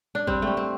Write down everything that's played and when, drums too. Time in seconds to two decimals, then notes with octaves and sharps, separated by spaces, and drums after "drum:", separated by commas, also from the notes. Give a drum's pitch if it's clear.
0.15 D4
0.27 G3 C4, drum: kick
0.42 G3 A3
0.57 C4